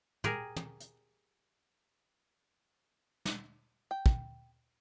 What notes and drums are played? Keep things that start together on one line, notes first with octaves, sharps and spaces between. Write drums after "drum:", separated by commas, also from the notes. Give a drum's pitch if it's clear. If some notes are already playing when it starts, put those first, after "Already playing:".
G4 G#4 A#4, drum: tom
drum: tom
drum: hi-hat
drum: snare
G5
drum: kick